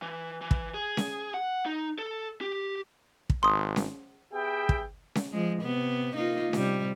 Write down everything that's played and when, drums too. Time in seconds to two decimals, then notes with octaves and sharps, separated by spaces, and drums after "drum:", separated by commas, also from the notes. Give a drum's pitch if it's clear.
0.02 E3
0.41 E3
0.51 drum: kick
0.74 G#4
0.97 drum: snare C#4
1.34 F#5
1.66 D#4
1.98 A4
2.41 G4
3.30 drum: kick
3.43 G#1 C6 D#6
3.76 drum: snare C#4
4.33 B3 G4 G#4 E5 G5
4.69 drum: kick
5.15 drum: snare C#4
5.33 F3 G#3
5.62 C3 B3
6.16 A#3 D#4 F4
6.53 C3 G3, drum: snare C#4